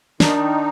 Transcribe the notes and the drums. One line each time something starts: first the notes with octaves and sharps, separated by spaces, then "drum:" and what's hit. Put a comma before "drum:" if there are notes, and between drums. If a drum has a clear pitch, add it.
D#3 D4 D#4, drum: snare